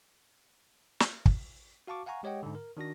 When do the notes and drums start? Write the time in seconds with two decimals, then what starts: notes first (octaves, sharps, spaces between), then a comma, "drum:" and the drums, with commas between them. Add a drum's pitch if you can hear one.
1.00 drum: snare
1.26 drum: kick
1.87 F#4 F5 A5 C#6 D6
2.06 F5 F#5 G#5 A#5 C#6
2.23 G#3 G4 C#5 D#5 F#5 G5
2.43 G#2 D3
2.55 A#4
2.77 D#3 D4 F#4 A#6